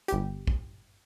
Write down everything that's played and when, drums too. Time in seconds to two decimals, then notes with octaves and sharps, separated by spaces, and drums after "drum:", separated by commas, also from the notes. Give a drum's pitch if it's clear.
0.08 G1 G4, drum: hi-hat
0.47 drum: kick